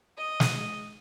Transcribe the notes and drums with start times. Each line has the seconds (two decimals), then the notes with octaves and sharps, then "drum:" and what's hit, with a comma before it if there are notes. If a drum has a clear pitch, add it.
0.18 D#5 D#6
0.40 drum: snare